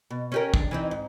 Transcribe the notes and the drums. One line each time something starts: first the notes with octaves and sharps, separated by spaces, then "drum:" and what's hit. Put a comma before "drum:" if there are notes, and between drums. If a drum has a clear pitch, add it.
B2
C#4 G4 A#4
D4, drum: kick
E3 C4 D#4
G#2